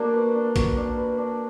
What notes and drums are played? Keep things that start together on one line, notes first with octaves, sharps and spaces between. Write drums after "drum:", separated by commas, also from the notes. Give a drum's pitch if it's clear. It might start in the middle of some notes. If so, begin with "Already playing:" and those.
Already playing: A#3 D4 F#4
B4
D4
F#4, drum: kick A#1, hi-hat
D4
B4
D4